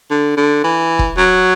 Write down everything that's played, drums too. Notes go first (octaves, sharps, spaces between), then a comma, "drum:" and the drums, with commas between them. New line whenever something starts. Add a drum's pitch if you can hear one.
D3
D3
E3
drum: kick
F#3